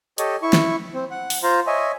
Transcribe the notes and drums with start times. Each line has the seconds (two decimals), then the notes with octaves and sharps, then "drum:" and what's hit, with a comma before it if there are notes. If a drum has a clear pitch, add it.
0.18 G4 A4 C#5 D#5, drum: hi-hat
0.42 E4 C#6
0.53 drum: snare
0.94 C4
1.11 F#5
1.30 drum: open hi-hat
1.43 F4 C5 A#5
1.67 C#5 D#5 E5 G#5